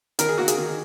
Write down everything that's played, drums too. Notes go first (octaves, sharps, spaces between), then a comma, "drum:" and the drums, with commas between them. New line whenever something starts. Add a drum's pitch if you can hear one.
D#3 A#4, drum: hi-hat
G#4
A#3 F#4
G#4, drum: hi-hat
D#3